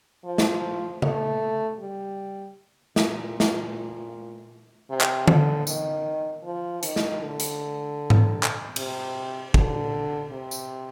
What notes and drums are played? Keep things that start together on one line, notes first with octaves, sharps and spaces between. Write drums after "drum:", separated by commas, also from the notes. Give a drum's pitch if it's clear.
F3
drum: snare
A3, drum: tom C#3
G3
A#2, drum: snare
drum: snare
C3
drum: clap
D3, drum: tom D3
D#3, drum: tambourine
F3
D#3, drum: hi-hat
drum: snare
D3
drum: hi-hat
drum: tom G#2
drum: clap
C3, drum: cymbal
D3, drum: kick
C3
drum: tambourine